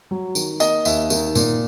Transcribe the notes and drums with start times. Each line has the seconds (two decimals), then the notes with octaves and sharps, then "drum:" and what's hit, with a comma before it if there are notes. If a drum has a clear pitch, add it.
0.11 F#3
0.35 D#3, drum: tambourine
0.60 A#3 D#5, drum: tambourine
0.85 D#2 E5, drum: tambourine
1.10 D#3, drum: tambourine
1.35 A#2, drum: tambourine